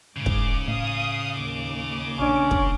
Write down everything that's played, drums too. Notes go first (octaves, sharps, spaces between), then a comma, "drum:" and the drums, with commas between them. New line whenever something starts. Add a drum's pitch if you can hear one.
G#2 C#3 D6
drum: kick
A2 F5 D#6
D#2 D6
A#1 C#4 D4
drum: kick